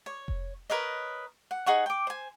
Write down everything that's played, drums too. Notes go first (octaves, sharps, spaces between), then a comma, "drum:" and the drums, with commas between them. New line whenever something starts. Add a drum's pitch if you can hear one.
C#5
drum: kick F1
A#4 B4 C#5 D#5
F#5
D#4 G#4 F#5 C#6
G5 D6
C5 G#5